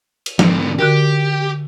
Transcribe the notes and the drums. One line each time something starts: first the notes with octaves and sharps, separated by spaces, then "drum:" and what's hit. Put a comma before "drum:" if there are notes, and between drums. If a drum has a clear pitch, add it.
drum: cymbal
G#2 D3, drum: tom F3
D3 F#4 G4 A#4